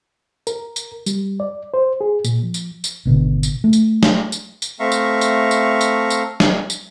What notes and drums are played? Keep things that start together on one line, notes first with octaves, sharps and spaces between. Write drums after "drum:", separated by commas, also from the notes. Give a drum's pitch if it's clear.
A#4, drum: tambourine
drum: tambourine
G3, drum: tambourine
D5
C5
G#4
A#2, drum: tambourine
F3
drum: tambourine
drum: tambourine
G#1 B2 D3
drum: tambourine
A3
drum: tambourine
drum: snare
drum: tambourine
drum: tambourine
A3 C4 E5 F5 A#5 C#6
drum: tambourine
drum: tambourine
drum: tambourine
drum: tambourine
drum: tambourine
drum: snare
drum: tambourine